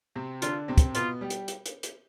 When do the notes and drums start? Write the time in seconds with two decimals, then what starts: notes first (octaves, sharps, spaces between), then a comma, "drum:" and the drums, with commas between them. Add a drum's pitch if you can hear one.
0.15 C3 C4
0.42 D3 D4 F4, drum: hi-hat
0.68 C3 C4
0.78 drum: kick, hi-hat
0.95 B2 B3 F4, drum: hi-hat
1.21 G3 G4
1.30 drum: hi-hat
1.48 drum: hi-hat
1.66 drum: hi-hat
1.83 drum: hi-hat